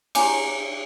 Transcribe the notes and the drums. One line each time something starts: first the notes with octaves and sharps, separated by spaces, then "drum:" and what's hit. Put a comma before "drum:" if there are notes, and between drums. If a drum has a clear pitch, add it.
E4 G4 C#5 G#5 D6, drum: cymbal